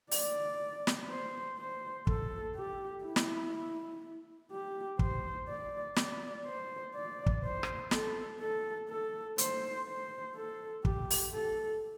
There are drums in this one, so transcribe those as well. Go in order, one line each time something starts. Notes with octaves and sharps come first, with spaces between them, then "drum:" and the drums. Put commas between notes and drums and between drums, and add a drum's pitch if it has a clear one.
D5, drum: open hi-hat
drum: snare
C5
C5
A4, drum: kick
G4
E4
drum: snare
G4
C5, drum: kick
D5
D5, drum: snare
C5
D5
drum: kick
C5
drum: rim click
A4, drum: snare
A4
A4
C5, drum: hi-hat
C5
A4
G4, drum: kick
drum: open hi-hat
A4